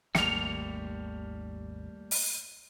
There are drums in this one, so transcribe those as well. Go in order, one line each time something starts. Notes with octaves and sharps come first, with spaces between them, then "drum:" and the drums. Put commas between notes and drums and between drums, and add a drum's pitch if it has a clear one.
G#1 D#2 G3 A3 A#3 C#7 F7, drum: snare
drum: open hi-hat